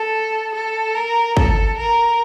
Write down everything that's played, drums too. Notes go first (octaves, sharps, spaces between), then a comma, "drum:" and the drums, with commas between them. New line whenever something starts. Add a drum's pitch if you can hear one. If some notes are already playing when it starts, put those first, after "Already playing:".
Already playing: A4
A4
A#4
A4, drum: kick
A#4